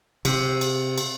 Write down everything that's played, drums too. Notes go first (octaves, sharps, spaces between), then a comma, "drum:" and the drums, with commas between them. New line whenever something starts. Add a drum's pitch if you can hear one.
C3, drum: cymbal
drum: cymbal
drum: cymbal